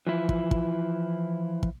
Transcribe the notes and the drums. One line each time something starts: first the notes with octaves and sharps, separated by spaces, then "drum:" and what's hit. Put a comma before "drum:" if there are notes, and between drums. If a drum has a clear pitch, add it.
E3 F3 E4
drum: kick
drum: kick
drum: kick